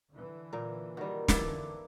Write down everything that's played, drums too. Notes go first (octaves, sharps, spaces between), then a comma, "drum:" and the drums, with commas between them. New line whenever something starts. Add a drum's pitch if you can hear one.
D3 E3
A#2 A#4
D#3 G3 F#4
F2 D3 E3 B3 E4 F4 D6, drum: snare